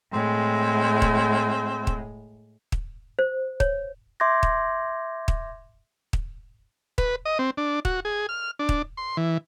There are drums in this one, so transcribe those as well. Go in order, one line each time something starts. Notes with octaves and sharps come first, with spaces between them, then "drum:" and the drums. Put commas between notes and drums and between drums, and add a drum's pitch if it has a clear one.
A2 G#3 C4
drum: kick
drum: kick
drum: kick
C5
C#5, drum: kick
E5 C6 D6 G6 G#6 A#6
drum: kick
drum: kick
drum: kick
B4, drum: kick
D#5
C4
D4
F#4, drum: kick
G#4
F6
D4
drum: kick
C6
E3